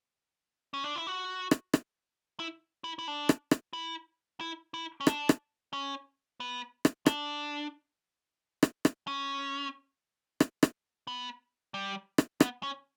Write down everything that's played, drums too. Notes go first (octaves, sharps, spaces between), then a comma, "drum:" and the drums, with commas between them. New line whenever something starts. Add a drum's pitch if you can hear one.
C#4
D4
E4
F#4
drum: rim click
drum: rim click
E4
E4
E4
D4
drum: rim click
drum: rim click
E4
E4
E4
C#4
D4, drum: rim click
drum: rim click
C#4
B3
drum: rim click
D4, drum: rim click
drum: rim click
drum: rim click
C#4
drum: rim click
drum: rim click
B3
G3
drum: rim click
B3, drum: rim click
C#4